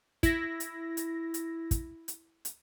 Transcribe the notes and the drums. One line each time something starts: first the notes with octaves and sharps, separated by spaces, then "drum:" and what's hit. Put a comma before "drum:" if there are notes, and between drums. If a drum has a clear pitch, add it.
E4 A#6, drum: kick, hi-hat
drum: hi-hat
drum: hi-hat
drum: hi-hat
drum: kick, hi-hat
drum: hi-hat
drum: hi-hat